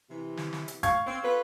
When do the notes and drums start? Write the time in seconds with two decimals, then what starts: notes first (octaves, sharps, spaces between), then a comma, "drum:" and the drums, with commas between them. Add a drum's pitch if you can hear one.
0.10 C3 E3
0.37 drum: snare
0.53 drum: snare
0.68 drum: hi-hat
0.83 F5 C#6 G#6, drum: kick G#1, hi-hat
1.06 C4
1.23 F4 A4 B4